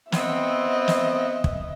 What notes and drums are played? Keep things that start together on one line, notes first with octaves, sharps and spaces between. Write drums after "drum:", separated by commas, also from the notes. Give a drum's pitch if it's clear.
B3 C4 D#5 E5, drum: snare
drum: snare
drum: kick